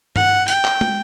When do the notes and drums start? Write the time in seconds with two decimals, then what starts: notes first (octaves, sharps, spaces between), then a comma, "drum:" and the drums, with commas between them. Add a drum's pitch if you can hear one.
0.16 F#5, drum: tom G2
0.48 G5, drum: hi-hat
0.65 drum: clap
0.81 drum: tom